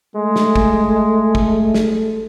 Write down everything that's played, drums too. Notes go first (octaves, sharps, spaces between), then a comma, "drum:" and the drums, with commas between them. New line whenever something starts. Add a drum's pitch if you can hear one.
G#3 A3
drum: snare
drum: kick
drum: kick
drum: snare